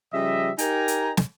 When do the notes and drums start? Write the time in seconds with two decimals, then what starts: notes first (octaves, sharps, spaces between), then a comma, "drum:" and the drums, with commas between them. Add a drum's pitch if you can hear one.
0.13 C#3 F3 G3 D#5 E5
0.58 D#4 G4 A#4 G5 G#5 A#5, drum: hi-hat
0.88 drum: hi-hat
1.17 drum: snare